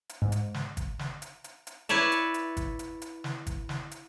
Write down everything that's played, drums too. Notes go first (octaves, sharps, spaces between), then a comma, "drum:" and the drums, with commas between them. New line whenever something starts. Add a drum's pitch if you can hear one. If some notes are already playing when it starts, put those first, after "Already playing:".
drum: hi-hat
G#2
drum: hi-hat
drum: snare
drum: kick, hi-hat
drum: snare
drum: hi-hat
drum: hi-hat
drum: hi-hat
E4 B4 C#5 D5 E5, drum: hi-hat
drum: hi-hat
drum: hi-hat
drum: kick, hi-hat
drum: hi-hat
drum: hi-hat
drum: snare
drum: kick, hi-hat
drum: snare
drum: hi-hat